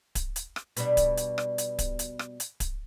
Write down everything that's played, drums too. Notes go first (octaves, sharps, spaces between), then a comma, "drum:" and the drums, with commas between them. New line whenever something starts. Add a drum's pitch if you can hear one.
drum: kick D1, hi-hat
drum: hi-hat
drum: rim click
B2 G3 D4, drum: hi-hat
drum: kick D1, hi-hat
drum: hi-hat
drum: rim click
drum: hi-hat
drum: kick D1, hi-hat
drum: hi-hat
drum: rim click
drum: hi-hat
drum: kick D1, hi-hat